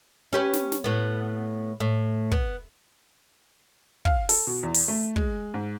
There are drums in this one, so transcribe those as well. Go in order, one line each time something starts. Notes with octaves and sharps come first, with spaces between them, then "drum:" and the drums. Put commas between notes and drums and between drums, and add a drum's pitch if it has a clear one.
C#4 G4 B4
drum: snare
drum: snare
A2 B3
A2
B3, drum: kick
F5, drum: kick
A4, drum: open hi-hat
B2
E2
drum: open hi-hat
A3
G#3, drum: kick
G#2